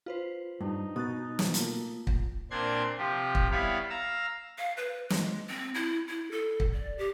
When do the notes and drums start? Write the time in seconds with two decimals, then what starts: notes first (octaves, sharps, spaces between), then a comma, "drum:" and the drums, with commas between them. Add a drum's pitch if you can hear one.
0.06 F4 B4 C5
0.61 G2 D#4
0.96 B2 D#6 F#6 A6
1.39 drum: snare
1.54 A3 A#3 F4, drum: hi-hat
2.07 drum: kick
2.51 A#2 C4 D4 C6 G#6
2.98 C3 F3 G4
3.35 drum: kick
3.52 G3 B3 E4 C#5 F5 B5
3.90 F5 A#5 E6
4.58 F5
4.77 B4
5.10 G#3, drum: snare
5.49 C4
5.75 E4
6.09 E4
6.31 A4
6.60 drum: kick
6.74 D5
6.98 G4